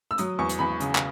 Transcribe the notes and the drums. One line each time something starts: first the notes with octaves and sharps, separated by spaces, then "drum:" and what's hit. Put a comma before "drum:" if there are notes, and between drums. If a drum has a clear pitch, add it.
E6
F#3 D#6, drum: hi-hat
E2 C#6
drum: hi-hat
E2 B5
C#3, drum: hi-hat
drum: clap